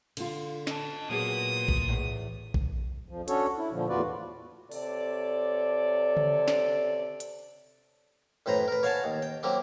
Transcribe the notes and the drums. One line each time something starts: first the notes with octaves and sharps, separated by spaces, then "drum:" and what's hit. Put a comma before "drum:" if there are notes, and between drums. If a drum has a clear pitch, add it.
D3 F4, drum: cymbal
D#5 A5, drum: snare
A#2 F#3 A#3 B3 G#4 D#6
drum: kick A#1
E2 A2
drum: kick A#1
F2 F3
C#4 D4 F#4 A4 C#5, drum: hi-hat
E4
A#2 D3 F3
E2 A2 F4 F#4 B4 D5
C3 A4 C#5 D5, drum: open hi-hat
drum: tom C#3
drum: snare
drum: hi-hat
F#2 A2 B4 C5 A#5
A#4 B4
C#5 F5 F#5 G#5 A5
D#2
G5
F#3 A#3 C4 G4